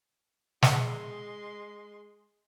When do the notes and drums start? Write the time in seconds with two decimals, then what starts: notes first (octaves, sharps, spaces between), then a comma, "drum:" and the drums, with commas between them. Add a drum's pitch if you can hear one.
0.62 G#3 C6, drum: snare